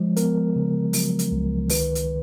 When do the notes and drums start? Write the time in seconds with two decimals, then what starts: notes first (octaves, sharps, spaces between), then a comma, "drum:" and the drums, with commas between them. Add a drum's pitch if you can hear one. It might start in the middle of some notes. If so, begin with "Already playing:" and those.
Already playing: F3 G#3
0.16 B3 A#4, drum: hi-hat
0.56 C#3
0.93 F#3, drum: open hi-hat
1.19 drum: hi-hat
1.32 C#2
1.69 D#3 B4, drum: open hi-hat
1.95 drum: hi-hat